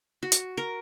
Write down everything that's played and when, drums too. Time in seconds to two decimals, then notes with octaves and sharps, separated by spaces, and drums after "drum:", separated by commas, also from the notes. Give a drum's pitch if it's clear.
0.23 F#4
0.32 drum: hi-hat
0.57 A#4